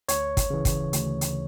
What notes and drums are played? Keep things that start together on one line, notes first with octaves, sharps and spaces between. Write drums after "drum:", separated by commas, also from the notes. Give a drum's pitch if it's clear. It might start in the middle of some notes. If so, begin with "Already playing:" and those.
D2 C#5, drum: hi-hat
drum: kick, hi-hat
C#3 E3
drum: kick, hi-hat
D2, drum: hi-hat
drum: hi-hat